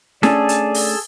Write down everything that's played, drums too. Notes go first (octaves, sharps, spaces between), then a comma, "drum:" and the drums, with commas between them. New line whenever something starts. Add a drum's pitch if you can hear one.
A3 C#4 D4 G#4 A4 D5, drum: snare
drum: hi-hat
drum: open hi-hat